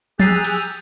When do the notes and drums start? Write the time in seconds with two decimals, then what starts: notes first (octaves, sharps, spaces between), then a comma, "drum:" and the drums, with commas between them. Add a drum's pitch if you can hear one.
0.20 G4 G#4 G#5 A#5 E6 F#6 A6 C7, drum: tom F3
0.45 drum: cymbal